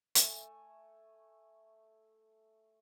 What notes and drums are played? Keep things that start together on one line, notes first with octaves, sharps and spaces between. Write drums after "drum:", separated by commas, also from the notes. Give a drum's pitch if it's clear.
A3 G#5, drum: hi-hat